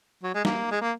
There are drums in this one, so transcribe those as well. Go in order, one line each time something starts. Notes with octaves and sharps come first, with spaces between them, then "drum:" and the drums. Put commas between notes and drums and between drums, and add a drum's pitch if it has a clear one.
F#3
G#3
A#3, drum: snare
G#3
A#3